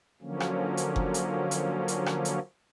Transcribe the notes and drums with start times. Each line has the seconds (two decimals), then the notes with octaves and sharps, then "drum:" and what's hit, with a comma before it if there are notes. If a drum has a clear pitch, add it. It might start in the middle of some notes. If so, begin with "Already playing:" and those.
0.22 D3 F3 F#3 A#3 C#4
0.40 drum: rim click
0.77 drum: hi-hat
0.96 drum: kick F#1
1.14 drum: hi-hat
1.51 drum: hi-hat
1.88 drum: hi-hat
2.06 drum: rim click
2.25 drum: hi-hat